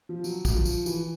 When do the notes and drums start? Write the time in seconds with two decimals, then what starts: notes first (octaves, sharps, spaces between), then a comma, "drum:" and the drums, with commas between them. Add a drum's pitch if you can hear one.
0.09 F3
0.24 F#3, drum: tambourine
0.45 drum: kick, tambourine
0.55 F3
0.66 drum: tambourine
0.86 E3, drum: tambourine